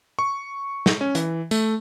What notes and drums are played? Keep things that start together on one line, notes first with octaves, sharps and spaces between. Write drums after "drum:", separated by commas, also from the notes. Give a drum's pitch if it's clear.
C#6
drum: snare
C#4
E3, drum: hi-hat
A3, drum: tambourine